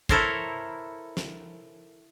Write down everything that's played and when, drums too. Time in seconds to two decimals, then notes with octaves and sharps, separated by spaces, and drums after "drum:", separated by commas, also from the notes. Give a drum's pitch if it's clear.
0.09 E4 A4 A#4 C5 C#5, drum: kick
1.17 drum: snare